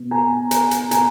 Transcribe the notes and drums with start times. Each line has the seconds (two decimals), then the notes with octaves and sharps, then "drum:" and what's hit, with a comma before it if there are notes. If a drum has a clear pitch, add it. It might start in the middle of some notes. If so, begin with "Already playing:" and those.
Already playing: B2
0.11 G#5 A#5
0.51 G#5 A#5, drum: hi-hat
0.71 drum: hi-hat
0.91 G#5 A#5, drum: hi-hat